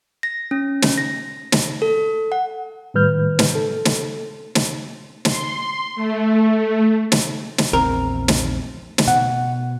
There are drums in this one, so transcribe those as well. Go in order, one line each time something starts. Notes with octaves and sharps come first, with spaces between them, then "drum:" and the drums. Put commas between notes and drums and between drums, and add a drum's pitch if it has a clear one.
A#6
C#4
drum: snare
A#6
drum: snare
A4
F#5
A2 D#3 G3 B4 F6 G6
drum: snare
A4
drum: snare
drum: snare
C6, drum: snare
A3
drum: snare
drum: snare
A#1 E2 C4 A#4
drum: snare
drum: snare
B2 F#5